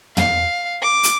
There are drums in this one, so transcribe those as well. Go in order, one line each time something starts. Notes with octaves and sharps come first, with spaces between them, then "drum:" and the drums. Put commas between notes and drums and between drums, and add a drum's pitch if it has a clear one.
F5, drum: tom
D6
drum: hi-hat